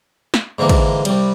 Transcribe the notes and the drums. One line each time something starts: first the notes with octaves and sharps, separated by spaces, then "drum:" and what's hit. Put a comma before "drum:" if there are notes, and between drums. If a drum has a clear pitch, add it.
drum: snare
G#2 D3 E3 A#3
drum: kick, cymbal
C2 G3, drum: cymbal